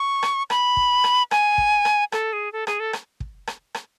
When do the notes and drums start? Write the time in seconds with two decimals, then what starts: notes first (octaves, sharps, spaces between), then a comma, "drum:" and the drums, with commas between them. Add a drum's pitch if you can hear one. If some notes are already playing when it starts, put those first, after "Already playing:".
Already playing: C#6
0.23 drum: rim click
0.50 B5, drum: rim click
0.77 drum: kick
1.04 drum: rim click
1.31 G#5, drum: rim click
1.58 drum: kick
1.85 drum: rim click
2.12 A4, drum: rim click
2.33 G#4
2.53 A4
2.67 G#4, drum: rim click
2.80 A4
2.93 drum: rim click
3.20 drum: kick
3.47 drum: rim click
3.75 drum: rim click